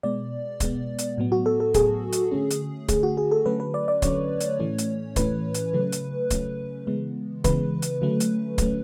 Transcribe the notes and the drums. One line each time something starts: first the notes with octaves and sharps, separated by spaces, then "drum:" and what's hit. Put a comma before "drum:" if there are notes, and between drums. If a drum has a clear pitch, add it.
B2 G#3 B3 D5
B2 G#3 B3, drum: kick, hi-hat
drum: hi-hat
A2 F#3 B3
F#4
A4
A4
A2 F#3 B3 G#4, drum: kick, hi-hat
drum: hi-hat
D3 A3 C#4
drum: hi-hat
D3 A3 C#4 G#4, drum: kick, hi-hat
F#4
G#4
A4
D3 F#3 A3 C#4 B4
B4
D5
D5
D3 F#3 A3 C#4 C#5, drum: kick, hi-hat
drum: hi-hat
A2 E3 A3 C#4
drum: hi-hat
A2 E3 A3 C#4 B4, drum: kick, hi-hat
drum: hi-hat
C#3 F#3 A3 C#4
drum: hi-hat
C#3 F#3 A3 C#4, drum: kick, hi-hat
C#3 E3 G#3 B3
C#3 E3 G#3 B3 B4, drum: kick, hi-hat
drum: hi-hat
D3 F#3 A3 C#4
drum: hi-hat
D3 F#3 A3 C#4, drum: kick, hi-hat